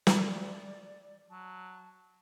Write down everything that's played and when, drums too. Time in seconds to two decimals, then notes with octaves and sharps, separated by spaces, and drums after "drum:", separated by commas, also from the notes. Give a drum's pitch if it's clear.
0.07 D5, drum: snare
1.30 F#3 A5